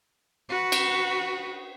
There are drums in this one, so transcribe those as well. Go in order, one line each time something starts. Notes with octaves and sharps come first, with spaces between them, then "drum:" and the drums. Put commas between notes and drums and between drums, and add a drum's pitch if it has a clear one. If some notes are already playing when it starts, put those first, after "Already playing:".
F#4 B4
drum: cymbal